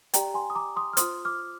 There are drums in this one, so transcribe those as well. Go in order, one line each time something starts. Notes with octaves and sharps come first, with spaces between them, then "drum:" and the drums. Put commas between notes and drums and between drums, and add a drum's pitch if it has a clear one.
G4 D5 G5 A#5, drum: hi-hat
G#5 C6
D#6
A#5 D6
C6 D#6
F6
F4 C5 C6 D#6, drum: hi-hat
D6 F6